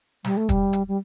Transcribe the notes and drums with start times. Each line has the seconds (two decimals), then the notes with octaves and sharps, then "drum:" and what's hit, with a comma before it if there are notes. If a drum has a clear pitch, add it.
0.24 G3, drum: snare
0.37 A3
0.49 G3, drum: kick, hi-hat
0.73 drum: hi-hat
0.88 G3